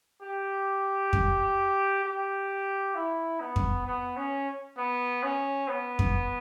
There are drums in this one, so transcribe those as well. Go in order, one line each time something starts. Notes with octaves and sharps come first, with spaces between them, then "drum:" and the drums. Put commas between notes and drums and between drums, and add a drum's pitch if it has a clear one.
G4
drum: kick F2
G4
E4
B3
drum: kick F2
B3
C#4
B3
C#4
B3
drum: kick F2